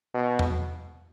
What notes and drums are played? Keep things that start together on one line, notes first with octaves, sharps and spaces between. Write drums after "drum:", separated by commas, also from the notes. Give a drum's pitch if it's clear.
B2
drum: tom E2